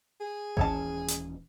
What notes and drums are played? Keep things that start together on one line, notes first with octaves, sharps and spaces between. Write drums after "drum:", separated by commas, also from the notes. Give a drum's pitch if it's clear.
G#4
D#1 E3 C#4 C#5 E5 A5, drum: kick A1
drum: hi-hat